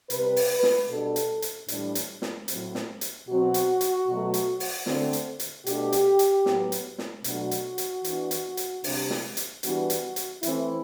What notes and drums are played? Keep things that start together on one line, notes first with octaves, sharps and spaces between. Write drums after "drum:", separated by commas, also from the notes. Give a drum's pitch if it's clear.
C3 G3 C4 B4, drum: hi-hat
drum: open hi-hat
B4
drum: snare
B2 G3 D4 A4
drum: hi-hat
drum: hi-hat
A2 E3 G3 D4, drum: hi-hat
drum: hi-hat
drum: snare
A2 F#3 C4, drum: hi-hat
drum: snare
drum: hi-hat
B2 F#3 C4 F#4
drum: hi-hat
drum: hi-hat
B2 F#3 A3
drum: hi-hat
drum: open hi-hat
D3 A3 C4, drum: snare
drum: hi-hat
drum: hi-hat
B2 A3 D4 G4, drum: hi-hat
drum: hi-hat
drum: hi-hat
A2 F#3 B3, drum: snare
drum: hi-hat
drum: snare
B2 F#3 A3 D4 F#4, drum: hi-hat
drum: hi-hat
drum: hi-hat
E3 B3 D4, drum: hi-hat
drum: hi-hat
drum: hi-hat
C3 G3 D4, drum: open hi-hat
drum: snare
drum: hi-hat
E3 G3 B3 D4 F#4, drum: hi-hat
drum: hi-hat
drum: hi-hat
E3 A3 C4 E4, drum: hi-hat